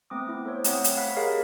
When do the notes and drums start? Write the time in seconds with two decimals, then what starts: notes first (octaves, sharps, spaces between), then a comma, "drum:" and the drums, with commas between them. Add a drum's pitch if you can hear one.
0.10 A3 B3 C4 D6 D#6
0.28 E4
0.46 A4 C5 C#5
0.64 A3 C4 C#5 F#5 D#6, drum: hi-hat
0.84 drum: hi-hat
0.97 F5 F#5 B5 F6 F#6 B6
1.16 G4 G#4 A#4 C#5 D#5 F5